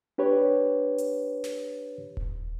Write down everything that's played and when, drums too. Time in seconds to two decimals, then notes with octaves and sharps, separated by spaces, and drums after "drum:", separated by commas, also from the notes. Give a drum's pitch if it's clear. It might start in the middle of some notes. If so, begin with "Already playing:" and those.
0.18 D4 G4 B4 C#5
0.98 drum: hi-hat
1.44 drum: snare
2.17 drum: kick D#1